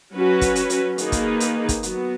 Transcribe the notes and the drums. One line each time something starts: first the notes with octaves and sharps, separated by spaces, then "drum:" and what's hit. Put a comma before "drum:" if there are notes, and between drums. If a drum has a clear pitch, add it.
F#3 C#4 F#4 B4
drum: kick, hi-hat
drum: hi-hat
drum: hi-hat
D#3 A#3 D#4 G#4 B4, drum: hi-hat
drum: kick, hi-hat
drum: hi-hat
drum: kick, hi-hat
F#3 B3 F#4, drum: hi-hat